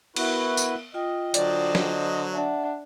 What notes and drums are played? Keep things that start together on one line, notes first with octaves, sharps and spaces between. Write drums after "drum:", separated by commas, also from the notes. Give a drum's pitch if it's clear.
B3 E4 F#4 A#4 B4 E5, drum: cymbal
drum: tambourine
F4 D#5 G5
D3 F#3 C5 D5, drum: hi-hat
drum: snare
D4 E5 F#5